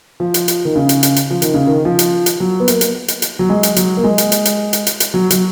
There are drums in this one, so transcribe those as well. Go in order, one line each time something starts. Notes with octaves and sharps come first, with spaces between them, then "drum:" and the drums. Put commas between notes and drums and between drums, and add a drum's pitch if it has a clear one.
F3
drum: hi-hat
drum: hi-hat
D#3
C#3
drum: hi-hat
drum: hi-hat
drum: hi-hat
F3
D#3, drum: hi-hat
C#3
D#3
F3
drum: hi-hat
drum: hi-hat
F#3
B3
A#3, drum: hi-hat
drum: hi-hat
drum: hi-hat
drum: hi-hat
F#3
G#3
drum: hi-hat
F#3, drum: hi-hat
A#3
G#3
drum: hi-hat
drum: hi-hat
drum: hi-hat
drum: hi-hat
drum: hi-hat
drum: hi-hat
F#3
F#3, drum: hi-hat